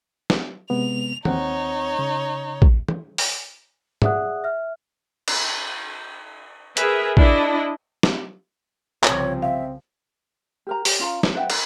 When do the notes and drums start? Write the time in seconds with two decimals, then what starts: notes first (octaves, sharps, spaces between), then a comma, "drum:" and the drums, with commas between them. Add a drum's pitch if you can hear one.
0.30 drum: snare
0.70 C3 G#3 B3 F7
1.25 D#2 C4 D#4 C#5 F#5, drum: tom
1.99 C#3
2.62 drum: kick
2.88 drum: tom
3.18 drum: open hi-hat
4.02 G#4 D5 E5 F#5 D#6 F#6, drum: tom
4.44 E5 F6
5.28 drum: cymbal
6.77 G#4 A#4 B4 E5, drum: hi-hat
7.17 D4 E4 D#5, drum: kick
8.03 drum: snare
9.04 C2 C#3 F3 C4 C#5, drum: clap
9.42 E5 F5
10.67 G4 A#4 A#5
10.85 G4, drum: open hi-hat
10.99 C#4 F4 F5 A#5
11.23 E4, drum: snare
11.35 B4 E5 F#5 G5
11.50 A#4, drum: cymbal